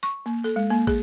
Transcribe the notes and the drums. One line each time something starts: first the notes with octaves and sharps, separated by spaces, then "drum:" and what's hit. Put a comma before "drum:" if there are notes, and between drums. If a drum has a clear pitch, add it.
C#6
A#3
A4
G#3
A#3
G#4, drum: kick